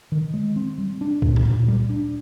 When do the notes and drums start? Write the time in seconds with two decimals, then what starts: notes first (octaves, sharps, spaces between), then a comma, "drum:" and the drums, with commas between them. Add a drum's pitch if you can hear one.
0.12 D#3
0.34 G#3
0.56 C4
0.78 G3
1.01 D4
1.22 A#2, drum: kick
1.36 drum: tom B2
1.46 A#2
1.68 G3
1.90 D4